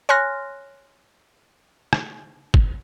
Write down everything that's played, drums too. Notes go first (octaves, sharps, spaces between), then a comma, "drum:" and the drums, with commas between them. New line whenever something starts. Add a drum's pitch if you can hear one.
C#5 G#5 C6 F6 F#6 A#6
drum: rim click
drum: kick G1